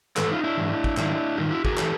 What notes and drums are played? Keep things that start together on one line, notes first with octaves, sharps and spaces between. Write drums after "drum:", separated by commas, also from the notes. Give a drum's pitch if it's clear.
G#2 E3 A4 B4, drum: clap
D#4 F4
D4 E4
G#2 E3
drum: kick G#1
G#2 D#3 D4 E4, drum: clap
G#2 D#3 D#4 F4
E4 F#4
F#4 G#4, drum: kick G#1
A#4
E3 G4 A4, drum: clap